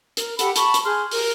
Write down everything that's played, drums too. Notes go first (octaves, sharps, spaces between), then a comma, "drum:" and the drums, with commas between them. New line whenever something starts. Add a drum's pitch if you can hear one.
A#4, drum: hi-hat
G4 A4 F#5 B5, drum: hi-hat
A5 B5 C#6, drum: hi-hat
drum: hi-hat
G#4 C6 F6 G6
A#4, drum: open hi-hat